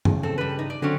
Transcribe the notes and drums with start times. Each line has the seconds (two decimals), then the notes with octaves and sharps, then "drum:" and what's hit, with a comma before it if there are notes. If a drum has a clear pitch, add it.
0.05 C#3, drum: tom G2
0.23 C4 A4
0.38 G3 B4
0.59 D#4
0.70 D5
0.82 D3 F#3 C4 C#4